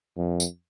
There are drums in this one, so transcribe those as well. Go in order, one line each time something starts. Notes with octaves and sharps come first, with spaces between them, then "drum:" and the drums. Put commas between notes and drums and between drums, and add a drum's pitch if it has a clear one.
F2
drum: tambourine